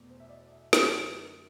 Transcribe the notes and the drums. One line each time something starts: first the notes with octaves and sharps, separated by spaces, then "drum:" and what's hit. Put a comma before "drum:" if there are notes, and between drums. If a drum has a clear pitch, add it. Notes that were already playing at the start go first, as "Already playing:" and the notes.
Already playing: E2 B2 A3
C5
E5
D5
E5
F#2 D3 A3 D5, drum: snare